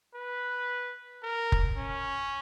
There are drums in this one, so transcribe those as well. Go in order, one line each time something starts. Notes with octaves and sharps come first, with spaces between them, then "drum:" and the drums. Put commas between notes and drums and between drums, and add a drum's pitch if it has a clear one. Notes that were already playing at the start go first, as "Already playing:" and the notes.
B4
A#4
drum: kick F1
C#4